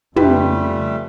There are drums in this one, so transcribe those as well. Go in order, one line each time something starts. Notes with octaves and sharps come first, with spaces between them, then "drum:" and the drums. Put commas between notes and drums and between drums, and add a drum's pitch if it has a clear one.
F2 C#3 G3 A3 F4 G4 B4, drum: tom